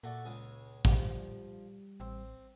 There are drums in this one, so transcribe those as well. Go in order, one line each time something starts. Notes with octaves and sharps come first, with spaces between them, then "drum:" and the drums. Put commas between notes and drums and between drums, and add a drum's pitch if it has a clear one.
A#2 A3 F#4 D5
C#2 C#3 G#4
F3 G3, drum: kick
A1 C4